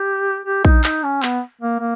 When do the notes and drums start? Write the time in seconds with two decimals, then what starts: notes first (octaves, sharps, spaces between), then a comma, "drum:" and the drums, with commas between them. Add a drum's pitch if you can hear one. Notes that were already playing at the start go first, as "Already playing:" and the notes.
Already playing: G4
0.46 G4
0.65 D#4, drum: kick A#1
0.84 D#4, drum: clap
1.03 C#4
1.22 B3, drum: clap
1.61 A#3
1.80 A#3